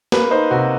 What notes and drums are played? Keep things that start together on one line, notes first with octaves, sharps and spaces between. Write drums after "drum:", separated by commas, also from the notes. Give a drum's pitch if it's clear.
A#3 B4, drum: snare
D#4 C5
C3 F#4